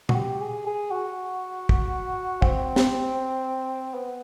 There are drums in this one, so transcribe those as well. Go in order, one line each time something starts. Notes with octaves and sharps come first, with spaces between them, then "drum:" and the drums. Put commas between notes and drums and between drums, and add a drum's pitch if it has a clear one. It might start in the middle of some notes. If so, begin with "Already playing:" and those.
F#4, drum: tom A#2
G4
G#4
G#4
F#4
drum: kick
C4, drum: kick
drum: snare
B3